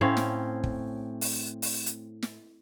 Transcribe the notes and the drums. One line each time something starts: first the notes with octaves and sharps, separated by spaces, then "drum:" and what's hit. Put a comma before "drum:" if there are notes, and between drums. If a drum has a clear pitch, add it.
A2 C4 C#4 F5
drum: snare
drum: kick
drum: open hi-hat
drum: open hi-hat
drum: hi-hat
drum: snare